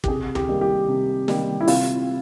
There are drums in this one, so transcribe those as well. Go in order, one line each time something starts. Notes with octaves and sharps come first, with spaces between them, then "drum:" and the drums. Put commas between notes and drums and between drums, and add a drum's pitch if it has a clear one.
G4, drum: kick
C3 G#4
G4, drum: tom C#2
D#3 G3 A#3
G4
C3
D#3 G3 A#3, drum: snare
E4
C3 F4, drum: open hi-hat